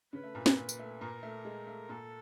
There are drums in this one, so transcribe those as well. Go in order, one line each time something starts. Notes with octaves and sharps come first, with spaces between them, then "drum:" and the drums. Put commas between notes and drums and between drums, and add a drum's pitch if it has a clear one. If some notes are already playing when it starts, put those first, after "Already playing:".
C#3 C#4 B4
A3
A#2 A#3
A#2 A#3, drum: snare
A#2 A#3
drum: tambourine
A3
A#2 A#3 A#4
A3
G#3
A3
A#2 A#3 A4